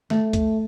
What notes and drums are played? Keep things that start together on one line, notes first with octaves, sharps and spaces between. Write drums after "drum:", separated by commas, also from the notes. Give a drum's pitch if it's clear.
A3, drum: snare
drum: kick, hi-hat